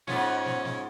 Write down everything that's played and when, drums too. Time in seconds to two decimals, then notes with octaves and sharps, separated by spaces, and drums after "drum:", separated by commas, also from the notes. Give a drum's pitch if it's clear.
0.07 G#2 B3 C#4 F4, drum: snare
0.46 drum: snare
0.65 drum: snare